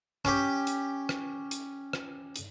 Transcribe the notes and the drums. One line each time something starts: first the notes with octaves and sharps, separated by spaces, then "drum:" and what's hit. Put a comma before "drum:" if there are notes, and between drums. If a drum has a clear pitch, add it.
C#4 G4, drum: rim click
drum: hi-hat
drum: rim click
drum: hi-hat
drum: rim click
drum: hi-hat